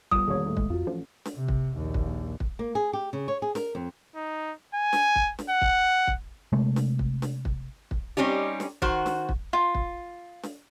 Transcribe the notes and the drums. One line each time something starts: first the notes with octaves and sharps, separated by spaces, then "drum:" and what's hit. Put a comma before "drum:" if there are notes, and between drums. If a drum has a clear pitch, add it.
G3 B3 F4 D#6, drum: kick
E1 D#2 C#5
D#2 A2
G#3, drum: kick
F2 F#3 F4
A1 F3
drum: snare
C3
drum: kick
A#1 D#2
drum: kick
drum: kick
A#3
G#4
G4
C#3
C#5
G#4
A#4, drum: snare
F2
D#4
G#5
drum: snare
drum: kick
drum: snare
F#5
drum: kick
drum: kick
C3 G#3 A3
drum: snare
drum: kick
drum: snare
drum: kick
drum: kick
G3 C4 C#4 D#4 G4
drum: snare
D#3 F#4 C5, drum: kick
drum: snare
drum: kick
F4
drum: kick
drum: snare